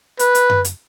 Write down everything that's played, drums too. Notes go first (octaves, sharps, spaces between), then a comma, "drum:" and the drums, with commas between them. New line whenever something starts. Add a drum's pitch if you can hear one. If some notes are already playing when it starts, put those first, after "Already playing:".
B4, drum: hi-hat
drum: hi-hat
drum: tom F#2
drum: hi-hat